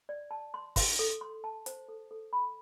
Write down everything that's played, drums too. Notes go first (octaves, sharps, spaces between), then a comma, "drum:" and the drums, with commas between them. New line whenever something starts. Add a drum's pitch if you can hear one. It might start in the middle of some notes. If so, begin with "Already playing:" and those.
D5
A5
C6
C6, drum: kick, open hi-hat
A4
C6
A5
C5, drum: hi-hat
A4
A4
B5